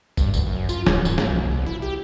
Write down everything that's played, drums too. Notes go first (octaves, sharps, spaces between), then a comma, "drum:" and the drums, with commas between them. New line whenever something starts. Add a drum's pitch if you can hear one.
G2, drum: kick, tambourine
D2, drum: tambourine
F#2
F4, drum: tambourine
D1, drum: snare
F#2, drum: tambourine
A#3, drum: snare
B1
C2
E4
G4